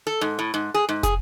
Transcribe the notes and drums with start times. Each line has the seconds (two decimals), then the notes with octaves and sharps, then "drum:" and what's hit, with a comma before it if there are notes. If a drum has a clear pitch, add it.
0.07 A4
0.21 G#2
0.39 A2
0.54 G#2
0.74 G#4
0.89 G#2
1.03 G#4, drum: kick, hi-hat